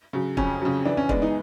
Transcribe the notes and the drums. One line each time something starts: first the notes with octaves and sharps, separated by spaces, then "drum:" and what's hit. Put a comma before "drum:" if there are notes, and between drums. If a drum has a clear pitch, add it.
C#3 F#3
F2 C#4, drum: kick
C#3 F#3
E3 D4
C#4
G#3 B3 D4, drum: kick
D#4